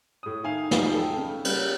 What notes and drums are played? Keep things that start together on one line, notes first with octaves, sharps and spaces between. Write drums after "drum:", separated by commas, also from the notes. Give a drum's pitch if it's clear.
A2 D#6
D#3 E5 F5 G#5 C7 F7
D#3 F3 G3 D#4, drum: snare
G#4 A4 G5
C#3
G3 A#3 C#4 F#4, drum: cymbal